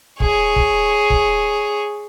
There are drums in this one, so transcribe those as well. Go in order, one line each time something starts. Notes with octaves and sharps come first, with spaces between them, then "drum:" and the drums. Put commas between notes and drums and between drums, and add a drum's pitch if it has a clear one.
G#4 C#5, drum: kick
drum: kick
drum: kick